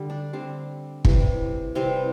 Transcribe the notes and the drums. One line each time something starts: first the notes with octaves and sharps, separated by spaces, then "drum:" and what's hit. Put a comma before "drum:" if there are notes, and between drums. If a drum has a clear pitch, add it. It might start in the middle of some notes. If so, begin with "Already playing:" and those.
Already playing: D3 G3
D4
D3 G3 C4
C3 E3 G3, drum: kick
C3 E3 G3 C4